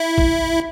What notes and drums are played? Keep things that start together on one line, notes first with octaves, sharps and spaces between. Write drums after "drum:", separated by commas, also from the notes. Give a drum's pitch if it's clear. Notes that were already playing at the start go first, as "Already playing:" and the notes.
Already playing: E4
drum: kick